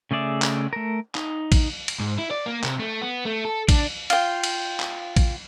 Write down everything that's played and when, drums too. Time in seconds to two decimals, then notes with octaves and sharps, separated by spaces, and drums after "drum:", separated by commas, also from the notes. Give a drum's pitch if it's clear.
0.11 C#3 A3 G#4 D5 E5
0.42 drum: clap
0.73 A3 A#4
1.15 D#4, drum: clap
1.52 drum: kick A#1, cymbal
1.88 drum: cymbal
2.00 G#2
2.18 E4
2.31 D5
2.46 A#3
2.64 C3, drum: clap
2.79 A3
3.02 B3
3.25 A3
3.45 A4
3.69 D4, drum: kick A#1, cymbal
4.10 F4 G5, drum: cymbal
4.44 drum: cymbal
4.80 drum: clap
5.16 drum: kick A#1, cymbal